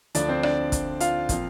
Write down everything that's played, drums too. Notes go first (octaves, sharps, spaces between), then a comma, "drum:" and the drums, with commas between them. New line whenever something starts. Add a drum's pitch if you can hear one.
D2 D3 F3 D4 D5, drum: hi-hat
C4 C5
D4 D5, drum: rim click
drum: kick, hi-hat
F4 F5, drum: hi-hat
A#2 F3 C4 F4, drum: kick, hi-hat